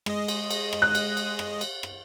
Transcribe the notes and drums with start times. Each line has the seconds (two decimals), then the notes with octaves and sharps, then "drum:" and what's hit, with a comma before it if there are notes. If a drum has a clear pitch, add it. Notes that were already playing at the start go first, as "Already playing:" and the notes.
0.06 G#3 D#5, drum: rim click
0.28 drum: cymbal
0.51 drum: cymbal
0.73 drum: rim click
0.82 F#6
0.95 drum: cymbal
1.17 drum: cymbal
1.39 drum: rim click
1.61 drum: cymbal
1.83 drum: rim click